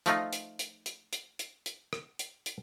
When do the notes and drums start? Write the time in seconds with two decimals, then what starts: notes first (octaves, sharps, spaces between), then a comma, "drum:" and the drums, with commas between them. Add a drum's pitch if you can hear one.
0.06 F3 A3 D#4 F4, drum: hi-hat
0.33 drum: hi-hat
0.59 drum: hi-hat
0.86 drum: hi-hat
1.13 drum: hi-hat
1.39 drum: hi-hat
1.66 drum: hi-hat
1.93 drum: rim click
2.19 drum: hi-hat
2.46 drum: hi-hat